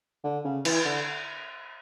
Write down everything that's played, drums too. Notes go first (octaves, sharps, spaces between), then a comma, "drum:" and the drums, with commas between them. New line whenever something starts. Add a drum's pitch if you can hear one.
D3
C#3
E3, drum: cymbal
D3